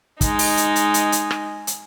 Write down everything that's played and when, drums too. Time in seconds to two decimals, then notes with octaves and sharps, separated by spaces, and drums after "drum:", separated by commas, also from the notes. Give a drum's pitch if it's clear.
0.21 G#3 D#4, drum: kick, hi-hat
0.39 drum: open hi-hat
0.57 drum: hi-hat
0.76 drum: hi-hat
0.94 drum: hi-hat
1.12 drum: hi-hat
1.31 drum: rim click
1.67 drum: hi-hat